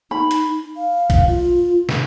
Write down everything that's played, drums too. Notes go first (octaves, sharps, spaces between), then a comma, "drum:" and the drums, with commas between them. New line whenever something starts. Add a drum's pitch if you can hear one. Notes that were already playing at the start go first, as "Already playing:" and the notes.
D#4 B5
drum: hi-hat
F5
drum: kick, hi-hat
F4
drum: snare